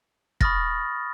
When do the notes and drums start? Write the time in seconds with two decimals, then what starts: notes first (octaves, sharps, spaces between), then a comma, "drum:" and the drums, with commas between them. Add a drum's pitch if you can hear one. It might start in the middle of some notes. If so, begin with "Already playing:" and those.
0.41 B5 C#6 D#6 F6 A6 A#6, drum: kick